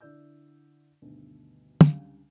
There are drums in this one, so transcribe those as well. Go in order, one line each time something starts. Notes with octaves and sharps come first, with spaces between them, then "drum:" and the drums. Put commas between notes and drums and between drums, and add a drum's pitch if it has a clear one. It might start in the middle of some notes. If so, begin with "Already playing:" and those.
D3 E4 D5 E6 G6
D2 G2 B2 D#3
C#2 D3 G3 F5, drum: tom